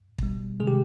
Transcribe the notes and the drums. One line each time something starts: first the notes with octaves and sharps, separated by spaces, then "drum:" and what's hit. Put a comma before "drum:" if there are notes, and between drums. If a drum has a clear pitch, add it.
B2 G3, drum: kick
C3 D#3 G#3 G#4
G4